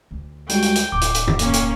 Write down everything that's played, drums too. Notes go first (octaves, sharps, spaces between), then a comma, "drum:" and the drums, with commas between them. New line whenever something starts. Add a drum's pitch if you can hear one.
D2
G3 G#3 F#4 G5, drum: hi-hat
drum: hi-hat
drum: hi-hat
D1 C#3 D6
drum: hi-hat
drum: hi-hat
drum: tom F2
A#3 C#4, drum: hi-hat
drum: hi-hat